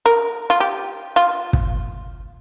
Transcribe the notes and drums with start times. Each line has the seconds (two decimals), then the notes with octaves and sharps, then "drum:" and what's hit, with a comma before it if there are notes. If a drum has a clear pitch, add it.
0.06 A#4
0.50 F4
0.60 G4
1.16 F4
1.53 drum: kick